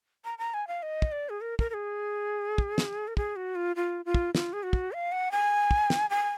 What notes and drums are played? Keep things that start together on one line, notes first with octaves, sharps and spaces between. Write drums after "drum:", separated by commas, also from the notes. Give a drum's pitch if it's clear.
A#5
A#5
G#5
F5
D#5
drum: kick
D5
G#4
A#4
A#4, drum: kick
A#4
G#4
drum: kick
drum: snare
A#4
G#4, drum: kick
F#4
F4
F4
F4
drum: kick
F4, drum: snare
G#4
F#4
drum: kick
F5
F#5
G#5
drum: kick
drum: snare
G#5